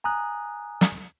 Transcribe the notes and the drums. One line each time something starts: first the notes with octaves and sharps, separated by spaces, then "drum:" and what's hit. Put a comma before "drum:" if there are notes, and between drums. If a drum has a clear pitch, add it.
G#5 A#5 D#6 F#6
drum: snare